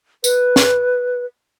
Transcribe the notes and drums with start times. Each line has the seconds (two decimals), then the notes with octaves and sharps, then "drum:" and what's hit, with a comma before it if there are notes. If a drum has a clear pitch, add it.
0.24 B4, drum: tambourine
0.56 drum: snare